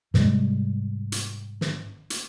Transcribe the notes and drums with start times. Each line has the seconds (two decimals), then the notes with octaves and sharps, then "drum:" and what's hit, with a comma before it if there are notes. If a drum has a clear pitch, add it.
0.14 G#2 C3 G3 G#3, drum: snare
1.12 drum: hi-hat
1.61 drum: snare
2.10 drum: hi-hat